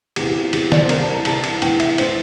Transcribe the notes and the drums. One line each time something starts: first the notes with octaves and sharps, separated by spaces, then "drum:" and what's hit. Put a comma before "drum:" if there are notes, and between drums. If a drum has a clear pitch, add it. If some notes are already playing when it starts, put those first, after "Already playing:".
E2 C3 E3 G4, drum: cymbal
G4
F4
E2 C3 E3 G4, drum: cymbal
D5, drum: snare
C5
C2 C3 E3 A#4, drum: cymbal
A5
A#5
C2 C3 E3 A5, drum: cymbal
drum: cymbal
E2 E3 G5, drum: cymbal
E5, drum: cymbal
C5, drum: cymbal
E3